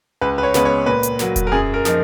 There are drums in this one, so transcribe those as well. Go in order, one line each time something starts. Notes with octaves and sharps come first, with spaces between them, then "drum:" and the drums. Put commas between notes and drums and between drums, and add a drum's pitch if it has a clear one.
C#2 B4
B4
C#5
C#3 G#3 B3 B4, drum: snare
C#5
A#2 B4
drum: hi-hat
F#3 A#3, drum: snare
drum: kick E1, hi-hat
A#4
F#2 G#4
A#4
F3 A#3 D#4, drum: snare